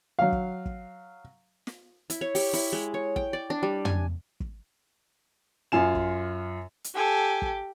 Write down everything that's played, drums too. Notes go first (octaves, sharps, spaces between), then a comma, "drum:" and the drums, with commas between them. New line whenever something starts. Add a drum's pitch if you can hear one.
F#3 F5
drum: kick
drum: kick
drum: snare
E4, drum: hi-hat
C#5
G4, drum: open hi-hat
E4, drum: open hi-hat
G#3
C#5
G5, drum: kick
D5
D4
G3
G#5, drum: tom
drum: kick
F#2 F4 G#5 E7
drum: kick
drum: hi-hat
G4 A4 G#5
drum: kick